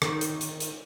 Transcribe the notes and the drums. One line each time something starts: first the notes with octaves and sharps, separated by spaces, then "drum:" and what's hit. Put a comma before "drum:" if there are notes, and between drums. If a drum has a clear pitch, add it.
G#2 D#3, drum: rim click
drum: hi-hat
drum: hi-hat
drum: hi-hat